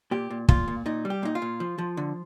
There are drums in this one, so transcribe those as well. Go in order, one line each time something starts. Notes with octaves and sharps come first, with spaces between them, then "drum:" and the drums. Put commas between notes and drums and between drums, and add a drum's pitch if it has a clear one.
A#2 G4
A#2
A#2 F4, drum: kick
A#2
A#2 D#4
G3
G4
A#2 D#4
F4
A#2
F3
F3
D3